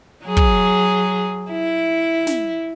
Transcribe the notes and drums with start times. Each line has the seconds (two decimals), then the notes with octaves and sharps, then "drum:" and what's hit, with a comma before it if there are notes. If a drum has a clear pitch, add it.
0.25 F#3 G#4
0.37 drum: kick
1.51 E4
2.27 drum: snare